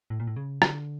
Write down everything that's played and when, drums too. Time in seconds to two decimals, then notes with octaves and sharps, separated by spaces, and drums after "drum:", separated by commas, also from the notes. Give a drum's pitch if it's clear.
0.10 A2
0.20 A#2
0.27 A2
0.36 C#3
0.62 D3, drum: rim click